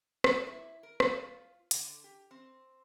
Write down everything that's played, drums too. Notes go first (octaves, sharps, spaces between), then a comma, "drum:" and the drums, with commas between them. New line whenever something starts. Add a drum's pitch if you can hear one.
G3, drum: rim click
E4
A#4
F4, drum: rim click
D3, drum: hi-hat
G4
C4